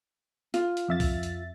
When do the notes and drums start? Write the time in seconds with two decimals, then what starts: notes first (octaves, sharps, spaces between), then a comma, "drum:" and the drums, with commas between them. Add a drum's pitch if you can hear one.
0.54 F4, drum: hi-hat
0.77 drum: hi-hat
0.88 F2 E5 A6
1.00 drum: kick C2, open hi-hat
1.23 drum: hi-hat